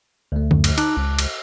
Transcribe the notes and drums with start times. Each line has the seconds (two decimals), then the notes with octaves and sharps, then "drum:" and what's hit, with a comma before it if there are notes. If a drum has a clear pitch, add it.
0.32 D2 A3
0.51 F#2, drum: tom D3
0.64 drum: cymbal
0.78 D#4 A5 D6 F#6, drum: cymbal
0.97 C#2
1.19 drum: cymbal